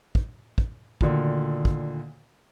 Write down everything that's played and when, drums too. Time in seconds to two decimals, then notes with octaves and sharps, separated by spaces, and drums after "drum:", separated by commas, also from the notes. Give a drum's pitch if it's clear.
0.15 drum: kick
0.58 drum: kick
1.01 D2 A#2 D3 D#3, drum: kick
1.65 drum: kick